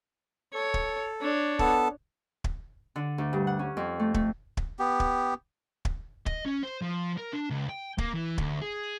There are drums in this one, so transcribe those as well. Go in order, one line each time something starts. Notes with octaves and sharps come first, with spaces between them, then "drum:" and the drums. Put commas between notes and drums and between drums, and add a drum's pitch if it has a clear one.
A4 C#5
drum: kick
D4 C#5
B3 A4 A5, drum: kick
drum: kick
D3
D2
G2
F#5
C#4
F2
A3
A3, drum: kick
drum: kick
B3 G4
drum: kick
drum: kick
D#5, drum: kick
C#4
C5
F3
A#4
D4
C#2
G5
A#3, drum: kick
E3
D2, drum: kick
G#4